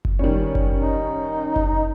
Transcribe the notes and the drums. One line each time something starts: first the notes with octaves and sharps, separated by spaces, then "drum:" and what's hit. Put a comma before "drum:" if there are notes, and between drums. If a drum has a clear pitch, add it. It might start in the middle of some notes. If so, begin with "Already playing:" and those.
drum: kick F#1
D#3 G3 C#4
drum: kick F#1
D#4
drum: kick F#1